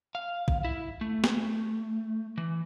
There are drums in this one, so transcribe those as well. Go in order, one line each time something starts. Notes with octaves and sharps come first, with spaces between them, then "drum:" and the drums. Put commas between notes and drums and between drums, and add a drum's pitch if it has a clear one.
F5
drum: kick
E4
A3
drum: snare
E3